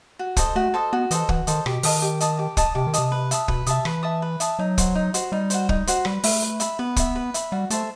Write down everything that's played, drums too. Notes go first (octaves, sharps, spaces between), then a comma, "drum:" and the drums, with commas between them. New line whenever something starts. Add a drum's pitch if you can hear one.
F#4
A4 C5 D#5, drum: kick, hi-hat
A3 F#4
A4 C5 D#5
B3 F#4
E3 A4 C5 D#5, drum: hi-hat
E3 F#4, drum: kick
D#3 A4 C5 D#5, drum: hi-hat
B2 G4, drum: rim click
D#3 D#5 A5 D#6, drum: open hi-hat
G4
D#5 A5 D#6, drum: hi-hat
G4
D#5 A5 D#6, drum: kick, hi-hat
C3 G4
D#3
C3 D#5 A5 D#6, drum: hi-hat
B4
E5 A5 D#6, drum: hi-hat
B2 B4, drum: kick
C3 E5 A5 D#6, drum: hi-hat
E3 B4, drum: rim click
E5 A5 D#6
B4
E5 A5 D#6, drum: hi-hat
F#3 D#4
F#4 C5, drum: kick, hi-hat
D#4
F#4 C5, drum: hi-hat
G3 D#4
F#4 C5, drum: hi-hat
D#4, drum: kick
F#4 C5, drum: hi-hat
G3 B4, drum: rim click
A3 E5 B5, drum: open hi-hat
B4
E5 B5, drum: hi-hat
B3 B4
E5 B5, drum: kick, hi-hat
B4
E5 B5, drum: hi-hat
G3 F#4
A3 A4 C5 E5, drum: hi-hat